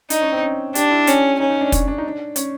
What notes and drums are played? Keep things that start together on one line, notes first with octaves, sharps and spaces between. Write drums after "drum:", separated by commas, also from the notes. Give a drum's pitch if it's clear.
D4 D#4, drum: hi-hat
C#4
C4
C#4
D4 G4, drum: hi-hat
E4
C#4, drum: hi-hat
C#4 D#4
D#4
D4
C#4, drum: kick, hi-hat
D4
D#4
D4
C#4, drum: hi-hat